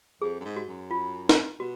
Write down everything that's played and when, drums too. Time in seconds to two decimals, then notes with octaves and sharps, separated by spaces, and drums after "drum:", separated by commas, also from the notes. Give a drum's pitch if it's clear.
0.22 F2 G#4
0.40 F#2
0.45 G#2
0.56 F#4
0.68 F#2
0.91 F4
1.29 drum: snare
1.60 B2 F#4